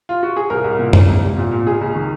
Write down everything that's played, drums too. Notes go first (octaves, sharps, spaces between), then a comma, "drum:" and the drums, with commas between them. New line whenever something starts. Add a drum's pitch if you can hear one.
F4
F#4
G#4
C2 A#4
C2
A#2
C2, drum: tom F#2
C2
C2
A#2
A#2
C#2 G#4
C#2
D#3